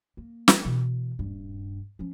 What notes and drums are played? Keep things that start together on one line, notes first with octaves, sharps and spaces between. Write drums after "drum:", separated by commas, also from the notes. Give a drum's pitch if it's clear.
A#3
drum: snare
B2 E3
D#1 G2
F3 C#4